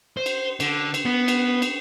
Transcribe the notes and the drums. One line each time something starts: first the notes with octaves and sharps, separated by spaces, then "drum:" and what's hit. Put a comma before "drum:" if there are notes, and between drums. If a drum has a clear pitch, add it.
C5
drum: cymbal
D3, drum: cymbal
drum: cymbal
B3
drum: cymbal
drum: cymbal